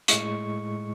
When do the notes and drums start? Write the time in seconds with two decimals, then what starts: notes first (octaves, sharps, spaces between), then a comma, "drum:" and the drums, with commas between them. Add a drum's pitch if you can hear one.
0.08 A2 G#3 C#6, drum: hi-hat